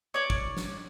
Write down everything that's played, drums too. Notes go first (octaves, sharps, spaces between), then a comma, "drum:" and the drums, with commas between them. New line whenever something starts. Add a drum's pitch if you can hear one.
C#5 D5
drum: kick
drum: snare